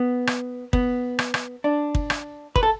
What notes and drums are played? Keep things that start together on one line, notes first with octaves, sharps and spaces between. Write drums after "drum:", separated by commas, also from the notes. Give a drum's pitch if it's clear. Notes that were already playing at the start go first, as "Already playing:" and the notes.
Already playing: B3
drum: rim click
B3, drum: kick
drum: rim click
drum: rim click
D4
drum: kick
drum: rim click
B4, drum: kick
A4